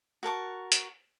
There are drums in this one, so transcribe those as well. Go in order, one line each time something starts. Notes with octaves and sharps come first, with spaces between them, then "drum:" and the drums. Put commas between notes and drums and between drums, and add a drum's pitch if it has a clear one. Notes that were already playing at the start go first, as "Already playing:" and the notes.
F#4 A#4 A5 C#6
drum: hi-hat